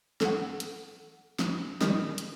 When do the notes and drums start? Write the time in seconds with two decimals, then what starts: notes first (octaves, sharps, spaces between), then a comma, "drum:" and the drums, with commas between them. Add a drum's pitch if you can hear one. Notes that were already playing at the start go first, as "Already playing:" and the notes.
0.21 A4 F#5, drum: snare
0.60 drum: hi-hat
1.39 drum: snare
1.81 D#3 G3, drum: snare
2.18 drum: hi-hat